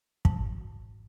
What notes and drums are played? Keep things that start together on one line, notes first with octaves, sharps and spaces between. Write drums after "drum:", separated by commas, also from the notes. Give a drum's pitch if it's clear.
G#2, drum: kick